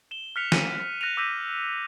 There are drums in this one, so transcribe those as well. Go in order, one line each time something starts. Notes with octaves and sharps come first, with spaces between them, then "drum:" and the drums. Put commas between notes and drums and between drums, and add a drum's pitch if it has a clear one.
E7 G7
F6 F#6 B6 C#7 F7
D#7, drum: snare
F#6 A#6 C#7 D#7 F7
D6 E6 G6 A#6 B6 D#7